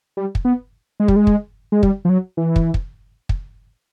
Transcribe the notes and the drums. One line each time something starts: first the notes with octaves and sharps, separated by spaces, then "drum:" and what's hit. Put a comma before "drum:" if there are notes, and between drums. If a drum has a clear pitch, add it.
G3
drum: kick
B3
G#3
G3, drum: kick
G#3
drum: kick
G#3
G3, drum: kick
F3
F#3
E3
drum: kick
drum: kick
drum: kick